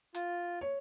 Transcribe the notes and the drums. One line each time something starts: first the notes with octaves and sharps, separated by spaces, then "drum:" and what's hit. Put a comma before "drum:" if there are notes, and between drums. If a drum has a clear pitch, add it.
F4, drum: hi-hat
C#5